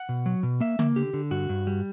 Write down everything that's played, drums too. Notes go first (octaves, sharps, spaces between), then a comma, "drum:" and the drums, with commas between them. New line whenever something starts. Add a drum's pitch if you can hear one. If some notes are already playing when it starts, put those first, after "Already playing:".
Already playing: F#5
B2
F#3
B2
A#3 E5
A#3, drum: tom C#3
D3 G4
D3
G2 F#4
G2
G3